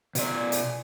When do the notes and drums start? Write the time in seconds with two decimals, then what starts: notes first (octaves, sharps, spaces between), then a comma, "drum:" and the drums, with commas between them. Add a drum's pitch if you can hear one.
0.15 B2 D5, drum: hi-hat
0.52 drum: hi-hat